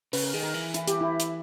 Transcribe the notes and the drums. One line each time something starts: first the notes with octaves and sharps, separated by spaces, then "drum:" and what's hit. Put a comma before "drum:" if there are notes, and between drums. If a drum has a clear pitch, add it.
C#3 B4, drum: open hi-hat
A#4
D#3 G#4
A#4
E3
E4, drum: hi-hat
G4, drum: hi-hat
E4
drum: hi-hat